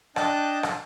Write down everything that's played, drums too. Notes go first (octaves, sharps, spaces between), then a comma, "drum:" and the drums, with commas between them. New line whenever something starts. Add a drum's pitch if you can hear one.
D4 D#5 G5 A5 F#6, drum: rim click
drum: rim click